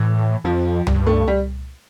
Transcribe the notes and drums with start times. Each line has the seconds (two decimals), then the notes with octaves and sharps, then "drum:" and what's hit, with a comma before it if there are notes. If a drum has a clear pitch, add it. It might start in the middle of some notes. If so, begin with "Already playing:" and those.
Already playing: A2 E3
0.44 F2 F3
0.87 G2, drum: tom C#2
1.07 A3
1.28 G3